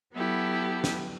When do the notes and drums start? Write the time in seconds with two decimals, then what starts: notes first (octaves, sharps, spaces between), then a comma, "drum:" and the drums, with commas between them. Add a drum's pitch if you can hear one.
0.14 F#3 B3 E4 G4 A4
0.84 drum: snare